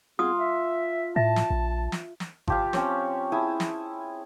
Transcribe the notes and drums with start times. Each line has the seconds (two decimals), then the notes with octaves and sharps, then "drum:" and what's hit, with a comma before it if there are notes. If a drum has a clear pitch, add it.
0.19 B3 C4 F4 G#4 D#6
0.38 E5
1.16 A2 E5 A5
1.36 drum: snare
1.50 A#1
1.92 drum: snare
2.20 drum: snare
2.48 F3 G4 F5, drum: kick G#1
2.73 C4 C#4 C#5, drum: snare
3.32 E4 G#4 G#5 A5
3.60 drum: snare